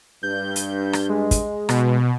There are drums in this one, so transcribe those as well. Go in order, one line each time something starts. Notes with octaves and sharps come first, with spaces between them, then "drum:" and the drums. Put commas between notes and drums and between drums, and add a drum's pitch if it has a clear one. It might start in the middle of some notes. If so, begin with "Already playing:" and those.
G2 G6
drum: hi-hat
drum: rim click
G#3
drum: kick, hi-hat
B2, drum: rim click